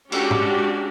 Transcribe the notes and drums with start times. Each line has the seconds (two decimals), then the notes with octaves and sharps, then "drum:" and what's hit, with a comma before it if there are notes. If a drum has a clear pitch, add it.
0.12 G#3 C#4 D4 F#4 G4, drum: cymbal
0.31 drum: tom G#2